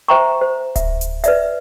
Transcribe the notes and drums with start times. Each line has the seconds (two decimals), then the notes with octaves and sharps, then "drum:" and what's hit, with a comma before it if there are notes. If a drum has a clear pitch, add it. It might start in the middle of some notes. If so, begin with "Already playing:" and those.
0.08 C5 E5 G5 A#5 C#6
0.41 C5
0.76 E5, drum: kick D1, hi-hat
1.01 drum: hi-hat
1.24 B4 D5 E5, drum: hi-hat